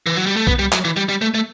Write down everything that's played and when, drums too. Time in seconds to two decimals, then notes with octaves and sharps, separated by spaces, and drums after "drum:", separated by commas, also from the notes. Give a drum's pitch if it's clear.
0.06 E3
0.17 F#3
0.26 G3
0.36 A3
0.47 B3, drum: kick
0.59 G3
0.72 F#3, drum: clap
0.85 E3
0.97 G3
1.09 G3
1.22 A3
1.34 A3